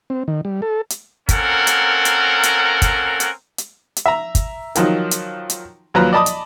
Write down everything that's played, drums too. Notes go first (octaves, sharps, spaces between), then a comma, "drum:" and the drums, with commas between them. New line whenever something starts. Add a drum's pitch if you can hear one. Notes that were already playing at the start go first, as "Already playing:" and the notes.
C4
D#3
G3
A4
drum: hi-hat
A#3 C4 C#4 A4 A#4 F#5, drum: kick, hi-hat
drum: hi-hat
drum: hi-hat
drum: hi-hat
drum: kick, hi-hat
drum: hi-hat
drum: hi-hat
drum: hi-hat
E5 A#5
drum: kick, hi-hat
D#3 F3 F#3 D#4, drum: hi-hat
drum: hi-hat
drum: hi-hat
D#2 F3 F#3 B4 A#5
D5 D#5 A5 B5 D6 D#6
drum: hi-hat